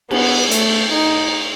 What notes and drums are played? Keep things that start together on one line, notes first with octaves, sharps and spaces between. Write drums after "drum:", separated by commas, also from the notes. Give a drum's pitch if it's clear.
B3, drum: cymbal
A3, drum: hi-hat
D#4